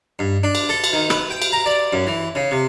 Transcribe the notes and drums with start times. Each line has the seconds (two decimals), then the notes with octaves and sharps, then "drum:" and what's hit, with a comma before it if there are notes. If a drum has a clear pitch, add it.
0.19 G2
0.43 D4
0.55 drum: cymbal
0.69 A4
0.84 drum: cymbal
0.93 D#3
1.10 B4, drum: rim click
1.31 G5
1.42 drum: cymbal
1.52 A#5
1.66 D5
1.93 F#2
2.07 E3
2.35 C#3
2.51 C3